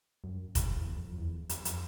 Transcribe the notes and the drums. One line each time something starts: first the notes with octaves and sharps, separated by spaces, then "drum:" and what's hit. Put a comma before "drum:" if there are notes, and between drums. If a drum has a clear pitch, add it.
F#2
E2, drum: kick F1, hi-hat
E2
F2
E2
F2, drum: hi-hat
drum: hi-hat